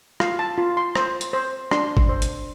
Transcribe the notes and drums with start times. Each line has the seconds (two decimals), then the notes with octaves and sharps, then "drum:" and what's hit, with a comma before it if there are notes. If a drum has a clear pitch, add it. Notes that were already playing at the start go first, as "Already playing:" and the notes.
0.20 F4 F5, drum: rim click
0.39 A5
0.58 F4
0.77 C6
0.95 C5, drum: rim click
1.21 drum: hi-hat
1.33 C5
1.71 D4 C6, drum: rim click
1.97 drum: kick G#1
2.09 C5
2.22 drum: hi-hat